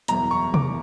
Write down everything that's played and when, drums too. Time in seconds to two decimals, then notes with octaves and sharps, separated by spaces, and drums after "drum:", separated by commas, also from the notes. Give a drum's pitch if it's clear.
0.08 F#1 E2 B2 A#5, drum: hi-hat
0.31 C#6
0.54 D6, drum: tom C3